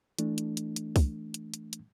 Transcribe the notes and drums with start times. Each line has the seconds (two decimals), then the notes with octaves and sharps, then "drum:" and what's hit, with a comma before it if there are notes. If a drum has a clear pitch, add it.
0.19 E3 A3 D4, drum: hi-hat
0.38 drum: hi-hat
0.57 drum: hi-hat
0.76 drum: hi-hat
0.96 drum: kick C2, open hi-hat
1.34 drum: hi-hat
1.54 drum: hi-hat
1.73 drum: hi-hat